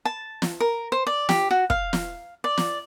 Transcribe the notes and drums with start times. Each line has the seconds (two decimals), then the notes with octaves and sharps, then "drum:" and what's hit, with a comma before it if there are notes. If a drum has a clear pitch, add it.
0.05 A5
0.42 drum: snare
0.60 A#4
0.92 C5
1.07 D5
1.29 G4, drum: snare
1.51 F#4
1.70 F5, drum: kick
1.93 drum: snare
2.44 D5
2.58 drum: snare